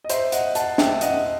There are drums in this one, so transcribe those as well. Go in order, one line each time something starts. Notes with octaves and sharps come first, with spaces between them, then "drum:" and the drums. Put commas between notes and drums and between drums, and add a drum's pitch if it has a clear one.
D#5
C5 E5, drum: hi-hat
D#5 F#5, drum: hi-hat
F#5 A5, drum: hi-hat
E5 G5, drum: snare
D#5 F#5, drum: hi-hat